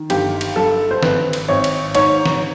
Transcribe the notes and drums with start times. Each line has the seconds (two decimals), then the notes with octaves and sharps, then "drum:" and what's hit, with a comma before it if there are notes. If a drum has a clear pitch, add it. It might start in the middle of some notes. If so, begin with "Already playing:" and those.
Already playing: D#3
0.10 G1 G4, drum: cymbal
0.41 drum: cymbal
0.56 G2 A4
0.91 C5
1.03 G#1 B4, drum: snare
1.33 drum: cymbal
1.49 G#1 C#5
1.64 drum: cymbal
1.95 G#2 C#5, drum: cymbal
2.26 drum: snare